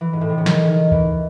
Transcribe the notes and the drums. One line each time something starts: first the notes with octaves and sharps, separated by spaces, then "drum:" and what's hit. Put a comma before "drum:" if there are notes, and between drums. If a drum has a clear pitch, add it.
E3
G#2
A2
C3
C#3
D#3, drum: snare
D#3
E3, drum: kick